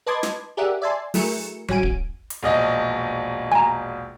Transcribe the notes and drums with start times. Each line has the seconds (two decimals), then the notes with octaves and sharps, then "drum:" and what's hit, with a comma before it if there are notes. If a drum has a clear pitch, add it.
0.06 B4 D#5 A5 C6 D6 G#6
0.23 drum: snare
0.57 G4 G#4 A#4 D5 E5 F#5
0.82 D5 E5 G#5 A5 C6
1.14 F#3 A3 E4 G#4 A#4 C#7, drum: open hi-hat
1.68 A1 C#4 F#4 G#5 D7 D#7, drum: tom F#3
1.83 drum: kick D1
2.30 drum: hi-hat
2.43 E1 A#1 D#5
3.52 G#5 A#5